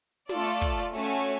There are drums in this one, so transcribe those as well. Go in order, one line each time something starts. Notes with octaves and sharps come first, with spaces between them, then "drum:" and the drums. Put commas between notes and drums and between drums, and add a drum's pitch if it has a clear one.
A3 F4 A4 D5, drum: snare
drum: kick
A3 C#4 F#4 C#5 G#5